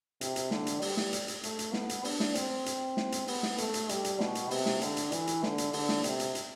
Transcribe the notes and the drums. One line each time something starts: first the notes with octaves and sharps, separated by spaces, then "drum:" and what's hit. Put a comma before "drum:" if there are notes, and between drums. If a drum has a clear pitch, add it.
C3, drum: hi-hat
drum: hi-hat
D3, drum: snare
drum: hi-hat
G3, drum: open hi-hat
drum: snare
drum: hi-hat
drum: hi-hat
A3, drum: hi-hat
drum: hi-hat
B3, drum: snare
drum: hi-hat
D4, drum: open hi-hat
drum: snare
C4, drum: hi-hat
drum: hi-hat
drum: snare
drum: hi-hat
B3, drum: open hi-hat
drum: snare
A3, drum: hi-hat
drum: hi-hat
G3, drum: hi-hat
drum: hi-hat
B2, drum: snare
drum: hi-hat
C3, drum: open hi-hat
drum: snare
D3, drum: hi-hat
drum: hi-hat
E3, drum: hi-hat
drum: hi-hat
D3, drum: snare
drum: hi-hat
D3, drum: open hi-hat
drum: snare
C3, drum: hi-hat
drum: hi-hat
drum: hi-hat